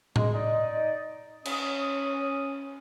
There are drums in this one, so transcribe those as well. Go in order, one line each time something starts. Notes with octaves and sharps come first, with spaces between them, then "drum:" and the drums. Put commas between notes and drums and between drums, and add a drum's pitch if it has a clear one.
G#3, drum: tom A2
D#4 D5 D#5
C#4 D#6, drum: cymbal